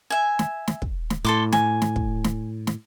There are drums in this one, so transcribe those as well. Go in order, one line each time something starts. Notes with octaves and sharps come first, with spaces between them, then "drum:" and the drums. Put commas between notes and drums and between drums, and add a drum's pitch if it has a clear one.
E5 G#5
drum: snare
drum: snare
drum: kick
drum: snare
A2 A4 C6 D6
G#5, drum: snare
drum: snare
drum: kick
drum: snare
drum: snare